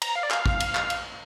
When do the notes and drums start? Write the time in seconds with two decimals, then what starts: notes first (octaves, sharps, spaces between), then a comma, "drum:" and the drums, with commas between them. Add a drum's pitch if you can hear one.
0.02 A#5, drum: cymbal
0.15 F5
0.23 D5
0.31 F5, drum: clap
0.46 drum: kick
0.60 drum: cymbal
0.75 drum: clap
0.90 drum: cymbal